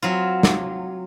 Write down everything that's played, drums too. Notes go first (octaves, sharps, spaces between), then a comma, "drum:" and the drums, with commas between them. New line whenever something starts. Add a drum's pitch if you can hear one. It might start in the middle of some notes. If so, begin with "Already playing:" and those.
F#3 C4 F4
drum: snare